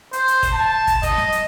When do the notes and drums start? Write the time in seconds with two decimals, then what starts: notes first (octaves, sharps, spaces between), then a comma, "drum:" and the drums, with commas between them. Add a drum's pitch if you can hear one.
0.13 C5, drum: hi-hat
0.28 drum: hi-hat
0.43 drum: kick, hi-hat
0.53 A5
0.87 drum: kick, hi-hat
1.03 D#5, drum: kick, hi-hat
1.17 drum: snare
1.32 drum: hi-hat